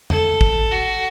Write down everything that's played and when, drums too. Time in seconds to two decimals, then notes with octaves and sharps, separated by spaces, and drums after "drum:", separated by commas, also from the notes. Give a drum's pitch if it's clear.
0.10 A4, drum: tom E2
0.41 drum: kick
0.71 F#4